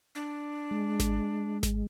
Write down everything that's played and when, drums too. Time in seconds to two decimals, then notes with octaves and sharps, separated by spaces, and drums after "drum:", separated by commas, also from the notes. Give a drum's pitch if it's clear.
0.15 D4
0.71 G#3
1.00 drum: snare G#1
1.63 drum: snare G#1